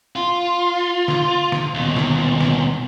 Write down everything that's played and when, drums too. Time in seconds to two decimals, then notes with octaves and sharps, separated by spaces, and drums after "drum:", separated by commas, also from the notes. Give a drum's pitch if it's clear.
0.16 F4
1.08 drum: snare
1.52 drum: snare
1.74 D#2 B2
1.96 drum: snare
2.40 drum: snare